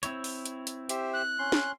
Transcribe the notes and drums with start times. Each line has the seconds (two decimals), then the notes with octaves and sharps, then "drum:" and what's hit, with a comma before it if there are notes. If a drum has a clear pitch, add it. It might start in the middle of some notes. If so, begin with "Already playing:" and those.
0.03 C4 E4 C#5, drum: hi-hat
0.24 drum: open hi-hat
0.46 drum: hi-hat
0.67 drum: hi-hat
0.89 G4 C5 E5, drum: hi-hat
1.13 F#6
1.39 C#4 C6
1.52 drum: snare